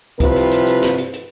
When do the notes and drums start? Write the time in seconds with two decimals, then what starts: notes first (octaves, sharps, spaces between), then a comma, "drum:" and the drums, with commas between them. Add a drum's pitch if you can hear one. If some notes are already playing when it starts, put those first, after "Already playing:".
0.20 C3 F3 G3 E4 F4 B4, drum: kick, hi-hat
0.36 drum: hi-hat
0.51 drum: hi-hat
0.67 drum: hi-hat
0.82 drum: snare
0.98 drum: hi-hat
1.13 drum: hi-hat